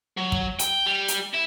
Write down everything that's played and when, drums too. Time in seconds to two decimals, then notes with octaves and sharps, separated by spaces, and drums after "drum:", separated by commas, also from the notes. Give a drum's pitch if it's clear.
0.18 F#3
0.32 drum: kick
0.59 G5, drum: hi-hat
0.86 G3
1.08 drum: hi-hat
1.34 E4